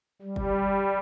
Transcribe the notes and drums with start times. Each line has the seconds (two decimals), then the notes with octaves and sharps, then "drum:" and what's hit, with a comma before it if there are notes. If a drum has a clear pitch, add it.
0.22 G3
0.36 drum: kick F#1